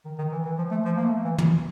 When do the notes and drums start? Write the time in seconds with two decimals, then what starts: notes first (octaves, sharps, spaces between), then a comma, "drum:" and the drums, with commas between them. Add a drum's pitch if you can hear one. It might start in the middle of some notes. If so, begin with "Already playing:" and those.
0.05 D#3
0.18 D#3
0.32 E3
0.45 E3
0.58 F3
0.71 A3
0.85 F3
0.97 A#3
1.05 A3
1.24 E3
1.38 drum: tom